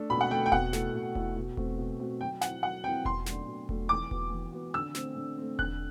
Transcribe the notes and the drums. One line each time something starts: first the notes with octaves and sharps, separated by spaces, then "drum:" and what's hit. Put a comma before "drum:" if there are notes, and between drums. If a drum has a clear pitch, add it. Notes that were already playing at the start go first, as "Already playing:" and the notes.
Already playing: A3 D4 A4
B2 B5
F#5
A3 D4 A4 G5
G5
B2 F#5, drum: kick E1
A3 E4 A4, drum: snare
B2
A3 E4 A4, drum: kick E1
B2
A3 C4 F#4, drum: kick E1
B2
A3 C4 F#4
F#3 G5
C4 E4 F#5, drum: snare
F#3 F#5
C4 E4 G5
B2 C6, drum: kick E1
F#3 A3 D4, drum: snare
B2
F#3 A3 D4, drum: kick E1
E3 D6
B3 F#4, drum: kick E1
E3
B3 F#4
D3 E6
A3 C4, drum: snare
D3
A3 C4
D3 F#6, drum: kick E1